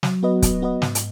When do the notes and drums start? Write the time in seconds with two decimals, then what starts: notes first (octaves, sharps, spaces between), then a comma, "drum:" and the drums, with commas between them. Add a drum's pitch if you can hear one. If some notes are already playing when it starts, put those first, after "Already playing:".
0.03 F#3, drum: snare
0.23 B3 F#4 B4 D#5
0.42 F#3, drum: kick, hi-hat
0.62 B3 F#4 B4 D#5
0.82 G#2, drum: snare
0.95 drum: hi-hat